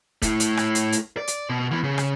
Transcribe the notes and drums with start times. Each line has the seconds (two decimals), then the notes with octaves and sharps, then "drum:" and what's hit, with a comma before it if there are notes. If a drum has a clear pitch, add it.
0.22 A3 E4, drum: kick, hi-hat
0.40 drum: hi-hat
0.57 drum: rim click
0.75 drum: hi-hat
0.92 drum: hi-hat
1.17 D5
1.28 drum: hi-hat
1.49 B2
1.71 E3 B3
1.83 C#3
1.98 drum: rim click